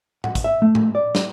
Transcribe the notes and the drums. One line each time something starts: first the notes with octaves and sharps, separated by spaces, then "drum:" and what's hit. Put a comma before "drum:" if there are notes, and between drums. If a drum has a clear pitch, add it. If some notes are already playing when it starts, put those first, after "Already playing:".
F#5, drum: tom A2
drum: kick, hi-hat
E5
A3
drum: tom A2
D5
drum: snare